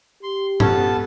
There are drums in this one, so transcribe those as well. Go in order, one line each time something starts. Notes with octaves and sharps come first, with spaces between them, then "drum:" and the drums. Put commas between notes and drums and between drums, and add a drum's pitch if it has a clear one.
G4 C6
B3 C#4 A4 A5, drum: tom G2